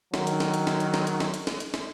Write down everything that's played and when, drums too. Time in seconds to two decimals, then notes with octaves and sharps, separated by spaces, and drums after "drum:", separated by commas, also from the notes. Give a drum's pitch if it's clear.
0.14 D#3 F#3, drum: snare
0.27 drum: hi-hat
0.40 drum: snare
0.54 drum: hi-hat
0.67 drum: snare
0.80 drum: hi-hat
0.94 drum: snare
1.07 drum: hi-hat
1.20 drum: snare
1.34 drum: hi-hat
1.47 drum: snare
1.60 drum: hi-hat
1.74 drum: snare